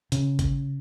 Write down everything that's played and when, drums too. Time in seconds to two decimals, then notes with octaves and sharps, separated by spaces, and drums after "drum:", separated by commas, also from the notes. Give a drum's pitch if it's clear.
0.12 C#3, drum: hi-hat
0.39 drum: kick G#1, hi-hat